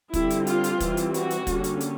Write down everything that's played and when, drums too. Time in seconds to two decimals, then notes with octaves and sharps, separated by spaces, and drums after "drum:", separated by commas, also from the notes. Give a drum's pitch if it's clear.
0.14 D3 G3 C4 E4, drum: kick, hi-hat
0.30 drum: hi-hat
0.47 F4, drum: hi-hat
0.64 drum: hi-hat
0.80 E3 G3 C4, drum: kick, hi-hat
0.97 drum: hi-hat
1.14 F#4, drum: hi-hat
1.30 drum: hi-hat
1.47 D3 G3 A#3 C#4, drum: kick, hi-hat
1.64 drum: hi-hat
1.81 drum: hi-hat